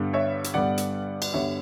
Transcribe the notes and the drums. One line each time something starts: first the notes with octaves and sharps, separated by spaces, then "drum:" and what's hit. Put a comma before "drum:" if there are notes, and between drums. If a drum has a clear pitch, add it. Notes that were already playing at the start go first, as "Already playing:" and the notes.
Already playing: G2 D3 G3 B3
C#5 E5
drum: hi-hat
G2 D3 G3 B3 D5 F#5
drum: hi-hat
D5, drum: cymbal
G2 D3 G3 B3 C#5 E5